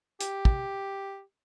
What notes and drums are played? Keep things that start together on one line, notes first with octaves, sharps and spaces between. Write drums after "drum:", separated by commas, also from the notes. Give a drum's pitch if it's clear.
G4, drum: hi-hat
drum: kick